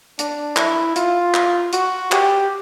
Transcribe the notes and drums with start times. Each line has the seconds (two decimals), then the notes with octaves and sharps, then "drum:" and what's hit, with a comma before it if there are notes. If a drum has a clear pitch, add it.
0.19 D4, drum: hi-hat
0.57 E4, drum: clap
0.96 F4, drum: hi-hat
1.34 drum: clap
1.73 F#4, drum: hi-hat
2.12 G4, drum: clap